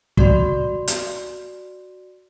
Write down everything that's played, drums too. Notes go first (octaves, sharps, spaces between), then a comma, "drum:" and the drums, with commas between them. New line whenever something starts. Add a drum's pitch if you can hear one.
F#4 D5 C6, drum: kick
drum: hi-hat